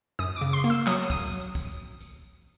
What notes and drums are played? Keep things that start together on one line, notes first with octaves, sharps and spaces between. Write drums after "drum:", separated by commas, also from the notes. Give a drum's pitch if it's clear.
F#2 D#6, drum: tambourine
D6
C#3
C6
A#3, drum: tambourine
E6
F#3 D#6, drum: clap
D#6, drum: kick, tambourine
drum: kick, tambourine
drum: tambourine